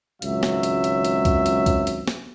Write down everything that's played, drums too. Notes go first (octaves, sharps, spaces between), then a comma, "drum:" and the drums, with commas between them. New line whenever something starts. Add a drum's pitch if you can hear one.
G#1 C#2 F#3 E5, drum: hi-hat
drum: snare
drum: hi-hat
drum: hi-hat
drum: hi-hat
drum: kick C2, hi-hat
drum: hi-hat
drum: kick C2, hi-hat
drum: hi-hat
drum: snare